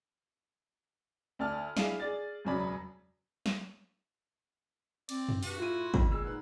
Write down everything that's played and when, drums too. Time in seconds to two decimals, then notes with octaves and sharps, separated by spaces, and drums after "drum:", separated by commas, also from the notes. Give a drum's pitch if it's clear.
1.39 D2 D5 A5 F6
1.77 D4 E4 G#4 F5, drum: snare
2.00 G#4 D5 A6
2.45 E1 F#2 C#3 F#3 D5 B5
3.46 drum: snare
5.09 C4 D5, drum: cymbal
5.29 drum: tom F#2
5.43 G2 F#4 G4, drum: open hi-hat
5.58 A2 E4 F4 D#7
5.94 F2, drum: kick
6.11 A#2 G#3 E6
6.25 D#4 B4 F#5